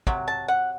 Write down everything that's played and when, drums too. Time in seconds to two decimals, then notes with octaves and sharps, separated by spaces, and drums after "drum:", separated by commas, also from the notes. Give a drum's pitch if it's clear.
0.07 C3 F#3, drum: kick
0.28 A5
0.48 F#5